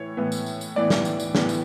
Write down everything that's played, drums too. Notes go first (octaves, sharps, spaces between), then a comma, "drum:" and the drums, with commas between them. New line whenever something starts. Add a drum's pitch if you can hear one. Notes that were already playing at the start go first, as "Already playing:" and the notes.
Already playing: A2 E3 C#5
A2 E3 B3
drum: tambourine
drum: tambourine
drum: tambourine
A2 E3 B3 D5
drum: snare
drum: tambourine
drum: tambourine
A2 E3 B3, drum: snare
drum: tambourine